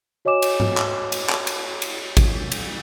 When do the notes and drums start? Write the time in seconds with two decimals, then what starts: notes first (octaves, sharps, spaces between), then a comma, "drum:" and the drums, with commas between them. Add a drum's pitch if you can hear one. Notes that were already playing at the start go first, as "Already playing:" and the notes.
0.25 F#4 C#5 D#5 G#5 D6 E7
0.42 drum: cymbal
0.60 drum: tom G#2
0.77 drum: clap
1.12 drum: cymbal
1.30 drum: clap
1.47 drum: cymbal
1.82 drum: cymbal
2.17 drum: kick, cymbal
2.52 drum: cymbal